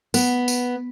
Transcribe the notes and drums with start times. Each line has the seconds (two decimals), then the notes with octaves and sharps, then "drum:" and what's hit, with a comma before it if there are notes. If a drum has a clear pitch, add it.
0.14 B3, drum: tambourine
0.48 drum: tambourine